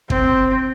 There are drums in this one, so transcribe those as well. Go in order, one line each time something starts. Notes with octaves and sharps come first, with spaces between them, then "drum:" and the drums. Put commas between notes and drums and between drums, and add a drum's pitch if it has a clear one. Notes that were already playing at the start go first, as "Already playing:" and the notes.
C4, drum: kick